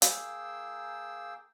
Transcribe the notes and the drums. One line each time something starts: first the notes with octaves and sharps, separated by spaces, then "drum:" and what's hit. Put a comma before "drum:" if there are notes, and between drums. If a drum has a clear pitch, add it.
A#3 G#4 G5 E6, drum: hi-hat